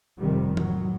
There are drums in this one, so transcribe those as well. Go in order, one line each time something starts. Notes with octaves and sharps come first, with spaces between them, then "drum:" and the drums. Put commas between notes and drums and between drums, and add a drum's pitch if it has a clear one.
F1 F2 C3 D#3 G3
A2 F#3, drum: tom E3